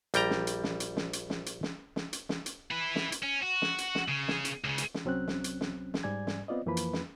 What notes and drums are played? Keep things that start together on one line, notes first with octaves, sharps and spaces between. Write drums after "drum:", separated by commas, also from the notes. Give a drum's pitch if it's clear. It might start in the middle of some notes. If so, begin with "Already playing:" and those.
A#1 G3 G5 A#5, drum: hi-hat
drum: snare
drum: hi-hat
drum: snare
drum: hi-hat
drum: snare
drum: hi-hat
drum: snare
drum: hi-hat
drum: snare
drum: snare
drum: hi-hat
drum: snare
drum: hi-hat
E4 B4
drum: snare
drum: hi-hat
C#4
F#4
drum: snare
drum: hi-hat
drum: snare
C#3
drum: snare
drum: hi-hat
C#2 C#3
drum: hi-hat
drum: snare
C2 F#3 C4 C#4 F#6
drum: snare
drum: hi-hat
drum: snare
drum: snare
G#2 G3 D5 G#5 G#6
drum: snare
B3 C4 F4 D5 D#5
F2 E3 F3 A#3 B4 B5
drum: hi-hat
drum: snare